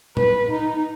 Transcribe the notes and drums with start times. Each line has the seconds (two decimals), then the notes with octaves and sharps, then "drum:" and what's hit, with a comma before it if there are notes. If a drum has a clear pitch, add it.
0.17 B4, drum: tom
0.50 D#4